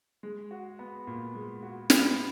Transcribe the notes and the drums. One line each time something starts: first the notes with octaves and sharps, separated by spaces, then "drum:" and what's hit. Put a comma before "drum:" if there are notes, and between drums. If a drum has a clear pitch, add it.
G#3
F#4
B3
A#2
G#3
F#4
B3, drum: snare